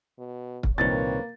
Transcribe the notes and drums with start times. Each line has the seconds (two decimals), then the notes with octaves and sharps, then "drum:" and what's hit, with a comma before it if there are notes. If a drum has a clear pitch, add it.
0.19 B2
0.63 drum: kick
0.78 C2 A#2 D#3 A#3 C4 B4 C#5 A6